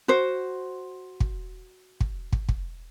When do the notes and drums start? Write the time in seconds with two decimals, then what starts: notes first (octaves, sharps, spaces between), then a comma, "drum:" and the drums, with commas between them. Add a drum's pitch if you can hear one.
0.08 F#4 C5
1.20 drum: kick
2.01 drum: kick
2.33 drum: kick
2.49 drum: kick